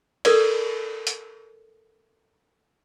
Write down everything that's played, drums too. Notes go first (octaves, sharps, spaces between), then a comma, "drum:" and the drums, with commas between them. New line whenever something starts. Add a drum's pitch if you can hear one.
A4 A#4 D5, drum: cymbal
drum: hi-hat